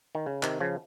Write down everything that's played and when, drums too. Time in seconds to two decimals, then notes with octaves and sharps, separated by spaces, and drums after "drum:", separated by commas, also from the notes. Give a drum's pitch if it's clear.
0.15 D#3
0.26 C#3
0.43 C3 D#3, drum: clap
0.60 C#3 F3